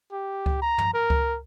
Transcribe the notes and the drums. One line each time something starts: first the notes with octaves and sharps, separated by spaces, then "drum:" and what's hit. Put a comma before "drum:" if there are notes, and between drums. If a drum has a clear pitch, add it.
G4
drum: kick C#2
A#5
drum: tom
A#4
drum: kick C#2